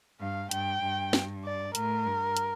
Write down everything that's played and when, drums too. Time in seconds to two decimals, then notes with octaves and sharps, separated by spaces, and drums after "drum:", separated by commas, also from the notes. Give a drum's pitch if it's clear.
0.20 G2 F5
0.51 G2 G5, drum: hi-hat
0.82 G2
1.13 drum: snare
1.44 D5
1.75 A2 A#4, drum: hi-hat
2.06 G2
2.37 drum: hi-hat